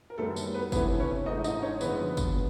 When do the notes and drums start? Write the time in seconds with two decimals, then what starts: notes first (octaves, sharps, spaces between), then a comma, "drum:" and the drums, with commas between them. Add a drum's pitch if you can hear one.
0.10 A#4
0.18 F#2 D#3 G3 A3 B3 A4
0.36 drum: tambourine
0.54 B3 B4
0.72 C3 E3 A3 B3 C#4 B4, drum: kick, tambourine
1.00 C#4 C#5
1.26 G#2 E3 A3 D#4 D#5
1.44 D#4 D#5, drum: tambourine
1.62 C#4 C#5
1.81 F#2 D3 F3 G#3 B3 B4, drum: tambourine
2.17 drum: kick, tambourine